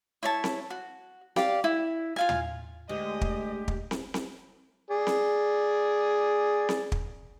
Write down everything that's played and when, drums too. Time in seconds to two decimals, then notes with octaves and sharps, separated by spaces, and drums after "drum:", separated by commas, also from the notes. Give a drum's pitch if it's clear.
0.23 E4 C#5 A5
0.44 drum: snare C4
0.70 F#4
1.36 G4 D5 F5, drum: snare C4
1.64 E4
2.16 F4 F5 G#5
2.29 drum: tom
2.89 D2 G#3 G4 D#5
3.21 drum: kick
3.68 drum: kick
3.91 drum: snare C4
4.14 drum: snare C4
4.91 G#4 D5
5.07 drum: snare C4
6.69 drum: snare C4
6.92 drum: kick